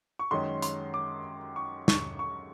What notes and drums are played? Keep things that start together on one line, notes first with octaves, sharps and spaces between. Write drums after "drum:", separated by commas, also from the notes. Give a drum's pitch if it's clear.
C#6
F#2 D#3 G#3 C#4 C6
C6, drum: hi-hat
D6
C#6
C#6, drum: snare
C#6